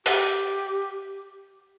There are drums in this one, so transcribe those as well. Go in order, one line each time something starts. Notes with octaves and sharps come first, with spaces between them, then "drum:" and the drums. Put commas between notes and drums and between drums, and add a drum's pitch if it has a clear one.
G4, drum: open hi-hat